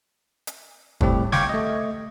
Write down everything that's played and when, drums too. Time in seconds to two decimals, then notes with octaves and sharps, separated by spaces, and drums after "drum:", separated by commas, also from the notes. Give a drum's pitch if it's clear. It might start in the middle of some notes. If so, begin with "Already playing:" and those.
0.47 drum: hi-hat
1.01 A2 G3 C4 G4, drum: kick
1.32 F5 G5 C#6 D6 G#6, drum: snare
1.49 A3 D#5